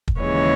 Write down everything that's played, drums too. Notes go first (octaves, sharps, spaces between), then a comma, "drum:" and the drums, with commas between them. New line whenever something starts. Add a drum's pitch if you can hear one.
drum: kick
D#2 C#3 E3 G#3 C#5